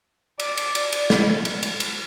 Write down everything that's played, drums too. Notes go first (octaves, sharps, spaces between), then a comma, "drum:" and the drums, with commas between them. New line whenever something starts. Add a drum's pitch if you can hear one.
D5, drum: cymbal
drum: cymbal
drum: cymbal
drum: cymbal
drum: snare
drum: cymbal
drum: cymbal
drum: cymbal